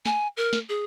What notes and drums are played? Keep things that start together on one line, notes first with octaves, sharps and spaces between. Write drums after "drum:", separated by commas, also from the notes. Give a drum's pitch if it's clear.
G#5, drum: snare
A#4
drum: snare
G#4